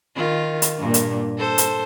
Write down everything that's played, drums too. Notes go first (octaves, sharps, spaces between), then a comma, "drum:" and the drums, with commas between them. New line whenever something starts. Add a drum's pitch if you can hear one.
D#3 F4
drum: hi-hat
G2 A#2
drum: hi-hat
A4 C5
drum: hi-hat